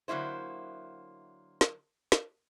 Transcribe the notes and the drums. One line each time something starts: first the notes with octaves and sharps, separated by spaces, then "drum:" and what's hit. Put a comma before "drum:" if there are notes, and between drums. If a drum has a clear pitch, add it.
D3 F#3 A#3 E4 C5
drum: snare
drum: snare